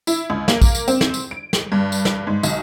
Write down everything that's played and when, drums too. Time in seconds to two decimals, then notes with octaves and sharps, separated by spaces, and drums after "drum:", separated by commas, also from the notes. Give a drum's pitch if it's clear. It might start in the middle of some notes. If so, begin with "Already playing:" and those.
0.07 E4, drum: tambourine
0.30 C#2
0.48 A#3, drum: snare
0.62 drum: kick, tambourine
0.75 drum: tambourine
0.88 C4, drum: tambourine
1.01 drum: snare
1.14 drum: tambourine
1.31 D7
1.53 drum: snare
1.72 G2
1.92 drum: tambourine
2.05 drum: snare
2.27 G#2
2.43 B1, drum: tambourine